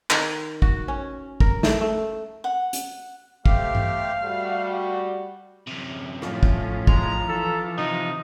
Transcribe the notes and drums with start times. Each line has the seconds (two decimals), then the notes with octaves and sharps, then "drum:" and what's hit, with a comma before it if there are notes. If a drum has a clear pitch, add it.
0.10 D#3, drum: clap
0.62 F#4, drum: kick
0.88 C#4
1.40 A#4, drum: kick
1.63 A3, drum: snare
1.81 A3
2.44 F#5
2.73 drum: hi-hat
3.46 A3 C4 G4 F5, drum: kick
3.75 drum: tom G2
4.22 G3 A3 F#4
5.67 F#2 C3
6.22 A2 F3 C#4, drum: rim click
6.43 drum: kick
6.87 G#3 A#5, drum: kick
7.29 E3 A4
7.78 C3 D#4